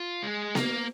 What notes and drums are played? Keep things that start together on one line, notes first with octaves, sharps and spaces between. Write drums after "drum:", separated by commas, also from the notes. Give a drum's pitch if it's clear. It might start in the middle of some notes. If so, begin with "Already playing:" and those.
Already playing: F4
G#3
A#3, drum: snare B3